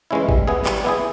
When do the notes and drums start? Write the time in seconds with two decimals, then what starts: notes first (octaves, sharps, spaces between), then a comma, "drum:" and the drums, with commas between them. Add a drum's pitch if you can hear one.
0.11 E3 G#3 C#4 E4
0.29 G3, drum: kick G#1
0.47 B3 E4 G#4
0.65 G3, drum: clap
0.84 B3 E4 G#4